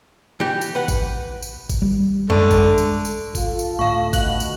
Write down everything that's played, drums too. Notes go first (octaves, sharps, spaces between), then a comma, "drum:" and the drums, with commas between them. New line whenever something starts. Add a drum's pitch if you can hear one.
E3 G4
drum: tambourine
B4 F#5
drum: kick G#1, tambourine
drum: tambourine
drum: kick G#1, tambourine
G3
F#2 D3 G#3 A3
drum: kick G#1, tambourine
drum: tambourine
drum: tambourine
F4 A4, drum: kick G#1, tambourine
drum: tambourine
D2 A2 F5 C#6
B2 F#6 F#7, drum: kick G#1, tambourine
drum: tambourine